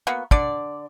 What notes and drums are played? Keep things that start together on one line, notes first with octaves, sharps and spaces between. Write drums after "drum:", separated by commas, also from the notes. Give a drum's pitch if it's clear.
A#3 B3 F#4
D3 D5, drum: kick